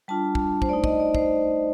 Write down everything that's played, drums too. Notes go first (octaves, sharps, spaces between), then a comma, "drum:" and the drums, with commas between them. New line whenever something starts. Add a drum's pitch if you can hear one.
G3 D4 F4 A5
drum: kick
C5, drum: kick
A3 D#4 D5
D#5, drum: kick
D5
C5, drum: kick